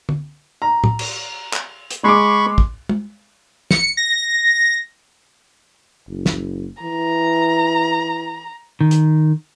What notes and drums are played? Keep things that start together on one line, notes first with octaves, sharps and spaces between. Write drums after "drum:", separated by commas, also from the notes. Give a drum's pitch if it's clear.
drum: tom
A#5
drum: tom
drum: cymbal
drum: clap
drum: hi-hat
G#3 B5 C#6 D6
drum: kick
drum: tom
C#7, drum: snare
A#6
F#1
drum: snare
E3 A#5
D#3
drum: hi-hat